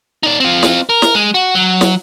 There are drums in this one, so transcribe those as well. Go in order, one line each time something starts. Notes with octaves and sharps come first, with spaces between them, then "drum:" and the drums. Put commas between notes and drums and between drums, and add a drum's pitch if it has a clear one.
D#4 D5
C4 F4
drum: snare
A#4
drum: snare
G#3
F#4
F#3
drum: snare